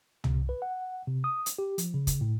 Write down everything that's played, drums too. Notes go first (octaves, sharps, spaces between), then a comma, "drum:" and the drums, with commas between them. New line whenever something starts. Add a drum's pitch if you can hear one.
C3, drum: tom
B4
F#5
C3
D#6
drum: hi-hat
G4
F3, drum: hi-hat
C#3
drum: kick, hi-hat
A2